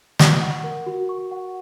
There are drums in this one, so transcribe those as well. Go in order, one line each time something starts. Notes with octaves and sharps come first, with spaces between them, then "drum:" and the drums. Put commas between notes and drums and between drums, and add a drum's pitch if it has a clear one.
C#6, drum: snare
F#5
A#4
F#4
C#6
F#5